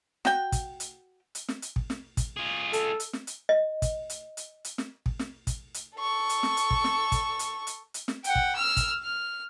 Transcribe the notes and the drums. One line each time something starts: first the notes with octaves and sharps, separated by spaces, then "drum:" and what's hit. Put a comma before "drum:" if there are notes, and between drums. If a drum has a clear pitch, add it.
F#4 G5, drum: snare
drum: kick, hi-hat
drum: hi-hat
drum: hi-hat
drum: snare
drum: hi-hat
drum: kick
drum: snare
drum: kick, hi-hat
F4 G#4
A4, drum: hi-hat
drum: hi-hat
drum: snare
drum: hi-hat
D#5
drum: kick, hi-hat
drum: hi-hat
drum: hi-hat
drum: hi-hat
drum: snare
drum: kick
drum: snare
drum: kick, hi-hat
drum: hi-hat
A4 C#6
drum: hi-hat
drum: snare
drum: hi-hat
drum: kick
drum: snare
drum: kick, hi-hat
drum: hi-hat
drum: hi-hat
drum: hi-hat
drum: snare
F#5 G5, drum: hi-hat
drum: kick
E6 F6
drum: kick, hi-hat
F6